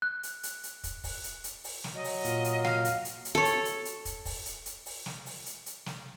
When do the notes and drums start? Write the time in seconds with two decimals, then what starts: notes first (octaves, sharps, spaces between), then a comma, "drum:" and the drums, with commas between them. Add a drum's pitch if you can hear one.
0.02 F#6
0.23 drum: hi-hat
0.43 drum: hi-hat
0.63 drum: hi-hat
0.84 drum: kick, hi-hat
1.04 drum: kick, open hi-hat
1.24 drum: hi-hat
1.44 drum: hi-hat
1.64 drum: open hi-hat
1.84 drum: snare
1.95 F#3 D#5
2.04 drum: open hi-hat
2.25 A#2 F4, drum: hi-hat
2.44 drum: hi-hat
2.65 F5, drum: snare
2.85 drum: hi-hat
3.05 drum: hi-hat
3.25 drum: hi-hat
3.35 A4 C#5
3.45 drum: hi-hat
3.65 drum: hi-hat
3.85 drum: hi-hat
4.05 drum: kick, hi-hat
4.25 drum: kick, open hi-hat
4.46 drum: hi-hat
4.66 drum: hi-hat
4.86 drum: open hi-hat
5.06 drum: snare
5.26 drum: open hi-hat
5.46 drum: hi-hat
5.66 drum: hi-hat
5.86 drum: snare